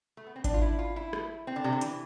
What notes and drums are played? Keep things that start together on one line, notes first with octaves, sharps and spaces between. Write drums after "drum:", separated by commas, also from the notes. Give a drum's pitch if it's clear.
A3
B3
C4
D4, drum: kick G#1, hi-hat
F4
E4
F4
E4
drum: rim click
C4
D3
C3
D3
E3, drum: hi-hat